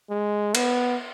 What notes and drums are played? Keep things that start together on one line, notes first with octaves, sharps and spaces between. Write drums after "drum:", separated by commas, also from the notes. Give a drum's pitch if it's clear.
G#3
B3, drum: cymbal